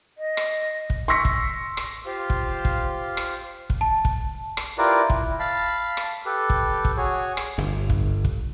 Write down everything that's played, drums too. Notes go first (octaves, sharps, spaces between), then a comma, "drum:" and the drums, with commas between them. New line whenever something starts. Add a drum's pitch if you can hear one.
D#5
drum: rim click
drum: kick
C6 C#6 E6 A#6 B6 C#7
drum: kick
drum: rim click
F4 G4 C5 F5
drum: kick
drum: kick
drum: rim click
drum: kick
A5
drum: kick
drum: rim click
E4 F4 G4 A#4 B4 D5
E4, drum: kick
F5 A5 B5
drum: rim click
G4 A4 B4
drum: kick
drum: kick
F#4 G#4 C#5
drum: rim click
G1 G2
drum: kick
drum: kick